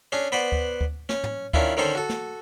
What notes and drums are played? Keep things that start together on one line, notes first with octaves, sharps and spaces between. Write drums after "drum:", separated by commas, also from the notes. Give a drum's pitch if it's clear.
C#4 D4 G#4
B3 B4 C5 D5 F#5
drum: kick D2
drum: kick D2
C#4, drum: snare
drum: tom
D#3 C#4 D4 E4 F4, drum: kick D2
D3 D#3 C#4 D#4 A4 C5
F#4 A4
drum: snare